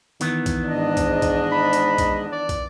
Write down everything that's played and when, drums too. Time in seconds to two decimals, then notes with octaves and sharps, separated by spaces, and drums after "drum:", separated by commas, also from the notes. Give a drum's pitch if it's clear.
0.21 D#3 E3 B3, drum: hi-hat
0.46 drum: kick, hi-hat
0.68 G#2 D4 D#5
0.97 drum: kick, hi-hat
1.22 drum: kick, hi-hat
1.52 B5
1.73 drum: hi-hat
1.98 drum: kick, hi-hat
2.32 D5
2.49 drum: kick, hi-hat